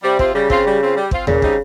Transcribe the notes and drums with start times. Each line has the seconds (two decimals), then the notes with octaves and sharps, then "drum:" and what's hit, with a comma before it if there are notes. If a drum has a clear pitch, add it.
0.03 C3 G3
0.19 C4 F4, drum: kick
0.34 C#3 G3
0.50 C4 F4, drum: kick
0.66 G3
0.81 C4 F4
0.96 G3
1.11 C4 F4, drum: kick
1.27 A#2 C#3, drum: tom D#2
1.42 G3 C4 D#4, drum: kick